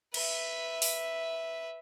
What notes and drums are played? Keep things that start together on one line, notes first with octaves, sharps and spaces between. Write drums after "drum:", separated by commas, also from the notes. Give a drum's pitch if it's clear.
B4 E5, drum: cymbal
drum: open hi-hat